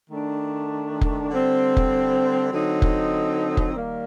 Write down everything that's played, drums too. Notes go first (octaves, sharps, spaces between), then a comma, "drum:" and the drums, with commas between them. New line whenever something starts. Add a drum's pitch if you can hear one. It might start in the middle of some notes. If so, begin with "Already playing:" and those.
D#3 A3 D4
drum: kick F1
D3 G3 C4
drum: kick F1
D3 F#3 C4 D#4
drum: kick F1
drum: kick F1
D#3 G3 A#3